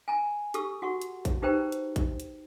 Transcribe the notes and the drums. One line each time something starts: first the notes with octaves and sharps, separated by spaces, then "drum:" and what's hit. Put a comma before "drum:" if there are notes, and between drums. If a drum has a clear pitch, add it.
G#5 A#5
G4 A4 C#6 E6, drum: hi-hat
F#4 F#5 C#6
drum: hi-hat
drum: kick, hi-hat
D#4 G4 B4 C5 G5 A#5
drum: hi-hat
drum: kick, hi-hat
drum: hi-hat